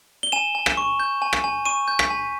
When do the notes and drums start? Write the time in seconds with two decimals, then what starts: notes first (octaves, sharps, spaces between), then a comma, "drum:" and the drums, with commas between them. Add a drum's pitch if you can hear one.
0.23 G7
0.32 G#5 E7
0.55 G#5
0.66 drum: rim click
0.77 C#6
1.00 G6
1.22 G#5
1.33 drum: rim click
1.44 G#5
1.66 C#6 D#7
1.88 G6
1.99 B6, drum: rim click
2.10 G#5